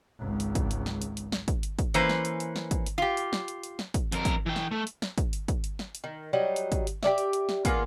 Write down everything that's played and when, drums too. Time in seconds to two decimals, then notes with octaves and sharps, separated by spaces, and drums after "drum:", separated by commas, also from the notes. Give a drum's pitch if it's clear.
0.19 G#1 C#2
0.40 drum: hi-hat
0.55 drum: kick, hi-hat
0.71 drum: hi-hat
0.86 drum: snare
1.02 drum: hi-hat
1.17 drum: hi-hat
1.32 drum: snare
1.48 drum: kick, hi-hat
1.63 drum: hi-hat
1.79 drum: kick, hi-hat
1.94 E3 A#3 C#4 B4 C5, drum: hi-hat
2.09 drum: snare
2.25 drum: hi-hat
2.40 drum: hi-hat
2.56 drum: snare
2.71 drum: kick, hi-hat
2.86 drum: hi-hat
2.98 F4 G4
3.17 drum: hi-hat
3.33 drum: snare
3.48 drum: hi-hat
3.63 drum: hi-hat
3.79 drum: snare
3.94 drum: kick, hi-hat
4.12 F2 A#4, drum: hi-hat
4.25 drum: kick, hi-hat
4.46 E3 G5
4.56 drum: snare
4.71 A3
4.87 drum: hi-hat
5.02 drum: snare
5.18 drum: kick, hi-hat
5.33 drum: hi-hat
5.48 drum: kick, hi-hat
5.64 drum: hi-hat
5.79 drum: snare
5.95 drum: hi-hat
6.04 D#3
6.33 F#3 G3 D#4
6.56 drum: hi-hat
6.72 drum: kick, hi-hat
6.87 drum: hi-hat
7.03 G4 A4 D5 E5, drum: snare
7.18 drum: hi-hat
7.33 drum: hi-hat
7.49 drum: snare
7.65 A#3 B3 F4 G#4, drum: kick, hi-hat